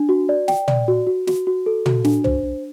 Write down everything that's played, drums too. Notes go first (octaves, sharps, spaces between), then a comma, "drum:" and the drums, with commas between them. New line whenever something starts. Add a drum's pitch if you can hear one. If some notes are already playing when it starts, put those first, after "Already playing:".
Already playing: D4
F#4
D5
G5, drum: snare
D5, drum: tom
F#4
F#4
F#4, drum: snare
F#4
A4
F#4, drum: tom
D4, drum: snare
C5, drum: tom
D4